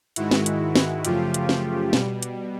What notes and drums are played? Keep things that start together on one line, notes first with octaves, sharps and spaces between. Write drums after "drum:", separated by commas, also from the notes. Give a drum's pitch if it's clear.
G#2 D#3 G#3 E4 F#4, drum: hi-hat
drum: snare
drum: hi-hat
drum: snare
F#2 C#3 F3 A3 F4 G4, drum: hi-hat
drum: hi-hat
drum: snare
B2 G3, drum: snare
drum: hi-hat